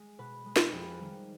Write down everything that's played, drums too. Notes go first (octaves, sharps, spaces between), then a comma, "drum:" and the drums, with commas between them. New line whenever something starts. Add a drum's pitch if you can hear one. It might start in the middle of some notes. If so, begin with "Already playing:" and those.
Already playing: G#3
B2 B4
G#3
drum: snare
B4
F2 G#4
D#3 G3